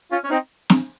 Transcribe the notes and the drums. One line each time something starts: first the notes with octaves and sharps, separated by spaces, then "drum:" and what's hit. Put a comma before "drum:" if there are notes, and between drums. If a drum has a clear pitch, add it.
C#4 F4
C#4
C4 D#4
drum: snare